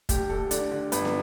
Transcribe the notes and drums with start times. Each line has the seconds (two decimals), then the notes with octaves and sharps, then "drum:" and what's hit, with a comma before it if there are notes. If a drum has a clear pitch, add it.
0.09 D2 G4, drum: kick, hi-hat
0.30 D2 A4
0.51 D3 D5, drum: hi-hat
0.71 D3
0.92 G1 B4, drum: hi-hat
1.05 drum: snare